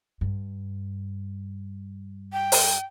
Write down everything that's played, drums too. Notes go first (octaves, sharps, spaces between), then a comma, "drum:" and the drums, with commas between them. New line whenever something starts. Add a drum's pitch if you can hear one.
G2
G5
drum: open hi-hat